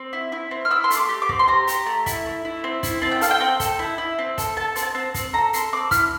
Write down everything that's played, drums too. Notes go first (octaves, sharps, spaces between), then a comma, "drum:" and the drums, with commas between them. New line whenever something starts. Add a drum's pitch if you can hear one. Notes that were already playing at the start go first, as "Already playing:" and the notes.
Already playing: C4
E4
E4
C4
F6
E4 E6
C6
A3, drum: hi-hat
D6
G4
D6
C4, drum: kick
C6
G4 A#5
G4, drum: hi-hat
A3
E4, drum: kick, hi-hat
A3
E4
C4
E4, drum: kick, hi-hat
C4 A5
G5
A4 F5, drum: hi-hat
G5
C4
A4, drum: kick, hi-hat
E4
E4
C4
A4, drum: kick, hi-hat
A4 A5
C4, drum: hi-hat
A5
C4
C4, drum: kick, hi-hat
A4 A#5
A4 C6, drum: hi-hat
C4 D6
E4 F6, drum: kick, hi-hat